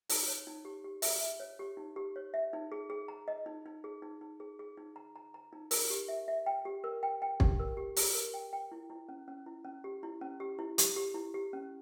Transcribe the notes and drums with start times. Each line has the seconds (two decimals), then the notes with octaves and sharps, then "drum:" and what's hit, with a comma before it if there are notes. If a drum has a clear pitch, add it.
0.09 D#4, drum: open hi-hat
0.28 C#5
0.47 D#4
0.65 G4
0.84 G4
1.02 E5, drum: open hi-hat
1.21 E5
1.40 C#5
1.59 G4
1.77 D#4
1.96 G4
2.16 C#5
2.34 E5
2.53 D#4
2.72 G#4
2.90 G#4
3.08 A#5
3.28 D#5
3.46 D#4
3.66 D#4
3.84 G#4
4.02 D#4
4.21 D#4
4.40 G#4
4.59 G#4
4.77 D#4
4.96 A#5
5.16 A#5
5.34 A#5
5.53 D#4
5.71 A#4, drum: open hi-hat
5.90 G4
6.08 E5
6.28 E5
6.46 G5
6.65 G4
6.84 A#4
7.03 G5
7.22 G5
7.40 G4, drum: kick
7.59 A#4
7.77 G4
7.96 G4, drum: open hi-hat
8.15 A#4
8.34 G5
8.53 G5
8.72 E4
8.90 E4
9.09 C#4
9.28 C#4
9.46 E4
9.64 C#4
9.84 G4
10.03 E4
10.21 C#4
10.40 G4
10.59 E4
10.78 G4, drum: hi-hat
10.96 G4
11.14 E4
11.34 G4
11.53 C#4